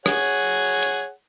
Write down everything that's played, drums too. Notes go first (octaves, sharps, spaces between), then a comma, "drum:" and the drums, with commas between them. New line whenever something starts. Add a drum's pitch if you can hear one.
G#4 C#5 F#5, drum: rim click
drum: hi-hat